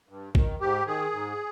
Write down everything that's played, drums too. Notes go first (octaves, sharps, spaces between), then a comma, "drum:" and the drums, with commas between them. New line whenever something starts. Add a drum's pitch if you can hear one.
G2
D#3, drum: kick
G#2 G4
D#3 G#4
G#2